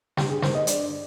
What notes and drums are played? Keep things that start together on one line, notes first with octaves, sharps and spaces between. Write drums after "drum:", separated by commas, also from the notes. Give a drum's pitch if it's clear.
G2 G4, drum: snare
G#4
D#3 G3 A#3 C5, drum: snare
D#5
G2 D5, drum: hi-hat